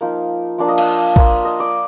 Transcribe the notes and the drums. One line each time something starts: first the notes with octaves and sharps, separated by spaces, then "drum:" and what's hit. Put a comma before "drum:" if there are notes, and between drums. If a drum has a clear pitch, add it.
F3 A#3 D#4 F5
F3 A#3 D4 F5
D#5
F5, drum: cymbal
A#3 F4, drum: kick
D#5
D5